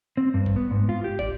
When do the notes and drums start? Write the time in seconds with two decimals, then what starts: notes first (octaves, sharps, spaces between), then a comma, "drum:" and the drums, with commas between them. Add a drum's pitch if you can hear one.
0.17 C4
0.34 G2
0.46 drum: kick
0.56 B3
0.71 G#2
0.89 F4
1.04 G4
1.19 D5, drum: kick